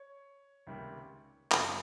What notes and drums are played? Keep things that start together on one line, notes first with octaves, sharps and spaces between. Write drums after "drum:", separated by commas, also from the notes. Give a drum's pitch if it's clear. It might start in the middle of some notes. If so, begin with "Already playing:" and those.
Already playing: C#5
C#2 C3 D#3 G3 A#3
F#2 C#3 F#3 A#3 C#4 C5, drum: clap